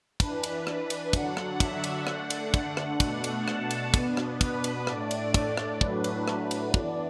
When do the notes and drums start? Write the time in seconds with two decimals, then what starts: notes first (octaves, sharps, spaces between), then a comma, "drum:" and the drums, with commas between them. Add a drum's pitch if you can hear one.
0.20 E3 D4 B4, drum: kick, cymbal
0.43 drum: cymbal
0.67 drum: rim click
0.90 drum: cymbal
1.13 D3 F#3 D4 F#5, drum: kick, cymbal
1.37 drum: rim click
1.60 E5, drum: kick, cymbal
1.84 drum: cymbal
2.07 D3 A3 D4 F#5, drum: rim click
2.30 drum: cymbal
2.54 drum: kick, cymbal
2.77 drum: rim click
3.00 B2 A3 D4 F#5, drum: kick, cymbal
3.24 drum: cymbal
3.48 A5, drum: rim click
3.71 drum: cymbal
3.94 B2 B3 D4, drum: kick, cymbal
4.17 drum: rim click
4.41 B4, drum: kick, cymbal
4.64 drum: cymbal
4.87 A2 A3 D4 D5, drum: rim click
5.11 drum: cymbal
5.34 D5, drum: kick, cymbal
5.57 drum: rim click
5.81 A2 F#3 A3 D4 B4, drum: kick
6.04 drum: cymbal
6.28 drum: rim click
6.51 drum: cymbal
6.74 E3 B3 D4 D5, drum: kick